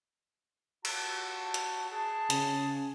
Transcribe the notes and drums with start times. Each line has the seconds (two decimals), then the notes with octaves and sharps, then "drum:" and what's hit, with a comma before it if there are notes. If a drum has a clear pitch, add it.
0.85 F#4 A5, drum: cymbal
1.54 drum: hi-hat
1.90 G#4 A5
2.30 C#3, drum: hi-hat